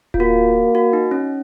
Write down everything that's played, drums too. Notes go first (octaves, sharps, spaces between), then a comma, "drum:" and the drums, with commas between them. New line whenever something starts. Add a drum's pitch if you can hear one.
F4, drum: kick D1
A#3 F#4
F#4
D#4
C#4